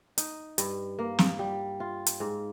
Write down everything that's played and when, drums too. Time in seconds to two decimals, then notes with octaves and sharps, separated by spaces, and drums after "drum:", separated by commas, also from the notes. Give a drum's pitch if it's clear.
0.18 D#4, drum: hi-hat
0.58 G2, drum: hi-hat
0.99 A#3
1.19 drum: snare
1.39 G3
1.80 F4
2.06 drum: hi-hat
2.20 G#2